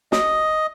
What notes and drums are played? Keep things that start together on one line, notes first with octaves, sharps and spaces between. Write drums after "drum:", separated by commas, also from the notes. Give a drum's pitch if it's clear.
D#5, drum: snare